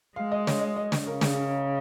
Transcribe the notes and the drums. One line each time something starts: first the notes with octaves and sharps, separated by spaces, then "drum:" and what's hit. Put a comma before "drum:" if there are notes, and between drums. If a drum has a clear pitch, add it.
G#3 F5
D#5
C#5, drum: snare
D#5
D#5
D#5, drum: snare
C#3 A#4
G#4, drum: snare